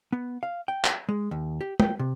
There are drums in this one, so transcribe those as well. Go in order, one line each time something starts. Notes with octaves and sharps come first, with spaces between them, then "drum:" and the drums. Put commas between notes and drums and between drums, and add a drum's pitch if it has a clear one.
B3
F5
G5
drum: clap
G#3
D#2
G4
G5, drum: tom
C3